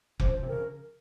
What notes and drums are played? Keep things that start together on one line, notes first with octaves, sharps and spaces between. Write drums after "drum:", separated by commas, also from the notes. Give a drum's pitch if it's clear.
C#3 F3 C5, drum: kick F1
C5
C3
C#3 A#4